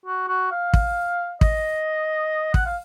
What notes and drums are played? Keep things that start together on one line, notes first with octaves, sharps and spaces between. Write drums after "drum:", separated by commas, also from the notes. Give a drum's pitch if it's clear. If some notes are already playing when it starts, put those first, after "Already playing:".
F#4
F#4
F5
drum: kick
D#5, drum: kick
F#5, drum: kick
F5